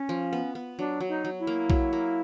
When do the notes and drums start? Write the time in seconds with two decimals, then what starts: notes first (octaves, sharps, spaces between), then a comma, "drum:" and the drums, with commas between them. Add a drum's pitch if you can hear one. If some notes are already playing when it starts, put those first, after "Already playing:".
Already playing: C#4
0.09 F3
0.33 B3
0.55 B3
0.78 F#3 D4
1.00 F#3
1.08 D#4
1.25 F#3
1.39 E4
1.47 A#3
1.70 F#3, drum: kick
1.93 A#3